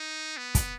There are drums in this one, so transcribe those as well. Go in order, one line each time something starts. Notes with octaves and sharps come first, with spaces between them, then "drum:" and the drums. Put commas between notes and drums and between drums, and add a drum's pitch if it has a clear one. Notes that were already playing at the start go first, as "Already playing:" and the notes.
Already playing: D#4
B3
drum: kick, hi-hat